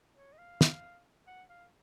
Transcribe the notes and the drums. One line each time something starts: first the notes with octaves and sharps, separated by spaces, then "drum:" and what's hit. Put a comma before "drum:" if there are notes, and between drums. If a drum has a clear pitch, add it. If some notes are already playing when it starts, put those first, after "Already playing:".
C#5
D#5
F5
drum: snare
F#5
F5